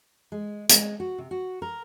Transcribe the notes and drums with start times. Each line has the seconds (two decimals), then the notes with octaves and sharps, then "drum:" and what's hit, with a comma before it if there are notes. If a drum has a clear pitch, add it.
0.32 G#3
0.69 G#3, drum: hi-hat
1.00 F#4
1.18 C3
1.31 F#4
1.62 A#4